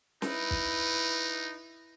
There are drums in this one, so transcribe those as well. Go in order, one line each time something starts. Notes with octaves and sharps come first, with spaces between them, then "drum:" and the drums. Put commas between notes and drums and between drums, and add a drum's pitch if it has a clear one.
D#4 E4 B4, drum: snare
drum: kick